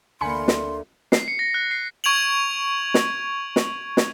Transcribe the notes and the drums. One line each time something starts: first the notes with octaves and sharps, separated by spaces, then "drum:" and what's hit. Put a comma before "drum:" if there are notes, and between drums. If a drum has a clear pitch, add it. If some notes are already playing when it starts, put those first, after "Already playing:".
D2 A#3 G#5 B5 C6 C#7
drum: snare
C7, drum: snare
C#7
A#6
F#6
C7
C#6 G#6 D7 F7 F#7
drum: snare
drum: snare
drum: snare